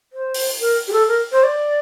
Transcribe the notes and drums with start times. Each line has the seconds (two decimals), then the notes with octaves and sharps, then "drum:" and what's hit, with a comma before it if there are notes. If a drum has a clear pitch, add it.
0.13 C5
0.34 drum: open hi-hat
0.61 A#4
0.88 G4
0.92 A4
1.08 A#4
1.32 C5
1.44 D5